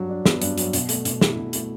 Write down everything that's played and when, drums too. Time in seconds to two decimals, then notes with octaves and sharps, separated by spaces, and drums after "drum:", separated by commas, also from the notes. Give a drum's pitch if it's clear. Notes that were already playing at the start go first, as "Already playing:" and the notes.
Already playing: G2 F#3
0.09 D4
0.26 B3, drum: snare
0.42 G2, drum: hi-hat
0.58 F#3, drum: hi-hat
0.73 B2, drum: hi-hat
0.89 A3, drum: hi-hat
1.05 B2, drum: hi-hat
1.21 E4, drum: snare
1.37 B2
1.53 A3, drum: hi-hat